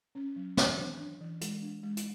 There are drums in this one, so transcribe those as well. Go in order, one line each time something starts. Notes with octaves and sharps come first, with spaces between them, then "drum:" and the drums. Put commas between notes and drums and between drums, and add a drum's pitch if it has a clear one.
C#4
F#3
E3 C#5, drum: snare
D4
D4
E3
G#3, drum: hi-hat
D4
G#3
drum: hi-hat